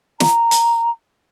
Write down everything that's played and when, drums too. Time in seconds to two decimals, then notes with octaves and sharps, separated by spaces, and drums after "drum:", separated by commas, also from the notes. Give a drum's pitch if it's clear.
0.20 A#5, drum: snare
0.51 drum: hi-hat